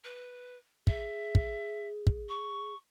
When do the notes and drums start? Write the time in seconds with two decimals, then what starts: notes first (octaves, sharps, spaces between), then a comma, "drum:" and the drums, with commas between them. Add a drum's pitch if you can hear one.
0.04 B4
0.87 G#4 E5, drum: kick
1.35 drum: kick
2.07 drum: kick
2.28 C#6